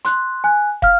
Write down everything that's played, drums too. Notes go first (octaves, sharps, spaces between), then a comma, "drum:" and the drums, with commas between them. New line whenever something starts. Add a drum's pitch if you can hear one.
C6 F#6, drum: hi-hat
G#5 F#6
F5 F6, drum: kick